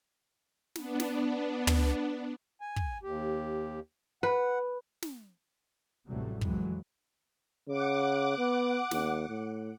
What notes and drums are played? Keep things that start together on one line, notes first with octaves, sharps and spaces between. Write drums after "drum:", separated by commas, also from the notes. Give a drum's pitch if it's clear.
B3 D4, drum: snare
drum: snare
drum: tom
G#5
drum: kick
D#2 G4
B4 F#5
drum: snare
A1 E2 C3 F#3 G3 A3
F2 C3 E3 F#3 G#3, drum: kick
C#3 F#5 D6
B3
D#2, drum: snare
A2